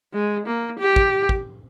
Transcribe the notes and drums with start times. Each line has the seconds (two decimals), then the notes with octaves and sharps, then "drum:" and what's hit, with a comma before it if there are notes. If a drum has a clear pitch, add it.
0.14 G#3
0.47 A#3
0.79 G4
0.96 drum: kick
1.29 drum: kick